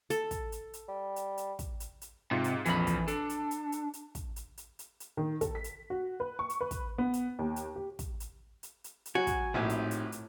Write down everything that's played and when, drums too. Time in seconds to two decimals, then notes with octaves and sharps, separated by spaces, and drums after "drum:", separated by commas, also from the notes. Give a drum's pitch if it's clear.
0.10 A4, drum: hi-hat
0.31 drum: kick, hi-hat
0.52 drum: hi-hat
0.73 drum: hi-hat
0.88 G3
1.16 drum: hi-hat
1.37 drum: hi-hat
1.59 drum: kick, hi-hat
1.80 drum: hi-hat
2.02 drum: hi-hat
2.31 G#2 C3 F4 C#7
2.44 drum: hi-hat
2.66 A#1 F2 E3 F3 B5, drum: hi-hat
2.87 drum: kick, hi-hat
3.08 D4 A4, drum: hi-hat
3.30 drum: hi-hat
3.51 drum: hi-hat
3.72 drum: hi-hat
3.94 drum: hi-hat
4.15 drum: kick, hi-hat
4.36 drum: hi-hat
4.58 drum: hi-hat
4.79 drum: hi-hat
5.00 drum: hi-hat
5.17 D#3
5.41 A4, drum: kick, hi-hat
5.55 B6
5.64 drum: hi-hat
5.90 F#4
6.20 B4
6.39 C#6
6.50 drum: hi-hat
6.61 B4
6.71 drum: kick, hi-hat
6.98 B3
7.14 drum: hi-hat
7.39 D#2
7.56 drum: hi-hat
7.76 G4
7.99 drum: kick, hi-hat
8.20 drum: hi-hat
8.63 drum: hi-hat
8.84 drum: hi-hat
9.06 drum: hi-hat
9.15 F#3 F#4 G#5
9.27 drum: kick, hi-hat
9.54 A#1 A2 C4 D#4 E4 G4 G#5
9.70 drum: hi-hat
9.91 drum: hi-hat
10.12 drum: hi-hat